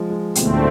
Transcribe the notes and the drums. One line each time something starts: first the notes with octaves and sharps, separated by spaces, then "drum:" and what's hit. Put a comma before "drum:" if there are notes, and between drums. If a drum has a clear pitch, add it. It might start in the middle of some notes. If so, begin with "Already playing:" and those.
Already playing: F3 G#3
G#3
D2 B2 D3 A3 C4, drum: hi-hat
A2